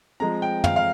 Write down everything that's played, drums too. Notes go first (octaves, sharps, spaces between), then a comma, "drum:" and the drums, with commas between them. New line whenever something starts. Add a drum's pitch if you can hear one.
F3 G#3 C4 A#5
G5
F5, drum: tom
F5